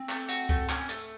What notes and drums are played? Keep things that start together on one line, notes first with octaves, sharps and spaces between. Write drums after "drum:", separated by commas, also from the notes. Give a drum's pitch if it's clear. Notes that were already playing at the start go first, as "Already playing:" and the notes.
Already playing: C4
A3, drum: clap
F#4, drum: hi-hat
A3, drum: kick C#2
C#4, drum: clap
A3, drum: hi-hat